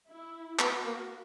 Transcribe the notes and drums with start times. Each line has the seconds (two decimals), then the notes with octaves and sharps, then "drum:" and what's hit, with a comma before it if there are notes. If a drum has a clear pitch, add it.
0.09 E4
0.59 B3 F#4, drum: clap
0.85 A#3